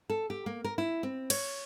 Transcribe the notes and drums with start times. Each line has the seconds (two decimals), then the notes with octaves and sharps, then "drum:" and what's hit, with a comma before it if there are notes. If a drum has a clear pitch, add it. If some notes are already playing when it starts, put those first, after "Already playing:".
0.10 A4
0.30 G4
0.46 A#3
0.64 A#4
0.78 E4
1.03 C4
1.30 C#5, drum: cymbal